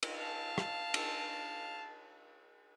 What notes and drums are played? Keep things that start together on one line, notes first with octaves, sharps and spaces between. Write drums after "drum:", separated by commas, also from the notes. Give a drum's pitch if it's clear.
drum: cymbal
F5 A5
drum: rim click
drum: cymbal